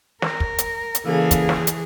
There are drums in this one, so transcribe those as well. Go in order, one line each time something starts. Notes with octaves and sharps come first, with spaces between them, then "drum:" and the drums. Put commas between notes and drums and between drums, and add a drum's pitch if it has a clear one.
A#4, drum: snare
drum: kick
drum: hi-hat
drum: hi-hat
C#3 E3 A#3 G#4 A4
drum: kick, hi-hat
drum: snare
drum: hi-hat